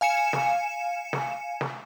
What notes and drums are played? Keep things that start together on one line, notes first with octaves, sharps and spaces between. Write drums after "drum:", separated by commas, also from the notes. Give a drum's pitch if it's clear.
F5 G#5 C#7 E7
drum: snare
drum: snare
drum: snare